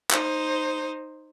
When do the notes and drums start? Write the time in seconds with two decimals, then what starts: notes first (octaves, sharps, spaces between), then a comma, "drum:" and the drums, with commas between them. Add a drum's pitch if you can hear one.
0.11 D#4 C5, drum: clap